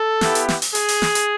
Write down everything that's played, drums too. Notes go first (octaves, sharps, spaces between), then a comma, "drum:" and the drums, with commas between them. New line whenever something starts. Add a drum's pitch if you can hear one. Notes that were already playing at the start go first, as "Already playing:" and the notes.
Already playing: A4
B3 E4 G4, drum: snare
drum: hi-hat
drum: snare
drum: open hi-hat
G#4, drum: hi-hat
drum: open hi-hat
drum: snare
drum: hi-hat